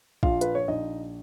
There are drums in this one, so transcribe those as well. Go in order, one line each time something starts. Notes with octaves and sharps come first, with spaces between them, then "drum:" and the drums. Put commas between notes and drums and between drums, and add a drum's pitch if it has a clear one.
A#1 F4 F5, drum: kick
B4, drum: hi-hat
C#5
A#1 D#4 D#5